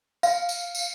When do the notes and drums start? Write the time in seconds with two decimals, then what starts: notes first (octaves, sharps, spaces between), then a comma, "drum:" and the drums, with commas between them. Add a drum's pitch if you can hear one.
0.23 F5, drum: tambourine
0.49 drum: tambourine
0.75 drum: tambourine